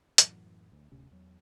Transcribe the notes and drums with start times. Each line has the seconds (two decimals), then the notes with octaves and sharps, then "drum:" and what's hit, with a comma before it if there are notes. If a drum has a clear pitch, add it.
0.18 F#2 A2 E3 F#3, drum: hi-hat
0.72 D2
0.92 D1 D2 C3 C#4
1.11 E2 F#3